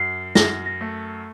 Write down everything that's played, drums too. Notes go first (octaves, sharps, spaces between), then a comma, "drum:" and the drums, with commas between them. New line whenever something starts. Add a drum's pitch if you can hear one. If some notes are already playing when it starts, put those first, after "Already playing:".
Already playing: F#2 C7
F#2 A#6, drum: snare
A#6
A3